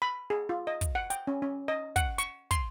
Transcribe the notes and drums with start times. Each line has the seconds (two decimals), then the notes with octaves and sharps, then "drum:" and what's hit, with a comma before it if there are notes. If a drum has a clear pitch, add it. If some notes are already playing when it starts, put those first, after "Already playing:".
0.02 B5
0.30 G#4
0.49 F4
0.67 D#5
0.81 drum: kick, hi-hat
0.95 F#5
1.10 G5, drum: hi-hat
1.27 C#4
1.42 C#4
1.68 D#5
1.96 F#5, drum: kick, hi-hat
2.18 C#6, drum: hi-hat
2.51 C6, drum: kick, hi-hat